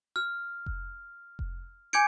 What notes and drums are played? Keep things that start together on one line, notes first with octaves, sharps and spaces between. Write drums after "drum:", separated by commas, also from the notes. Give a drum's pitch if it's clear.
F6
drum: kick F1
drum: kick F1
G#5 D6 G6 G#6 C#7 D7